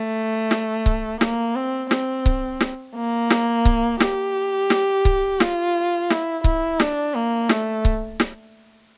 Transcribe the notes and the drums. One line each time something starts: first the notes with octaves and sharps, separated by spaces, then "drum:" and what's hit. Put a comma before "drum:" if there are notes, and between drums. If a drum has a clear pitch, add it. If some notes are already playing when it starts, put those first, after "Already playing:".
Already playing: A3
drum: snare
drum: kick C#1
A#3, drum: snare
C4
C4, drum: snare
drum: kick C#1
drum: snare
A#3
drum: snare
drum: kick C#1
G4, drum: snare
drum: snare
drum: kick C#1
F4, drum: snare
E4, drum: snare
E4, drum: kick C#1
D4, drum: snare
A#3
A3, drum: snare
drum: kick C#1
drum: snare